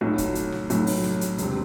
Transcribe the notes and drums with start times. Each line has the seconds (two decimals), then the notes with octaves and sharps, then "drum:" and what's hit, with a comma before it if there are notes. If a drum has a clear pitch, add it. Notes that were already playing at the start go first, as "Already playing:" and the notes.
0.01 B1 A2 F#3
0.18 drum: kick, hi-hat
0.35 drum: hi-hat
0.52 drum: snare
0.70 B1 A2 F#3, drum: hi-hat
0.87 drum: open hi-hat
1.04 drum: snare
1.21 drum: hi-hat
1.38 E1 C3, drum: hi-hat